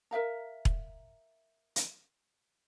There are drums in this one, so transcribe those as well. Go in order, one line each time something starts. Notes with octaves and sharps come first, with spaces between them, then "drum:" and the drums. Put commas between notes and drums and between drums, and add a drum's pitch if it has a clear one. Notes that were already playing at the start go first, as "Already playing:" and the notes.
A#4 E5 F5 A#5
drum: kick E1
drum: hi-hat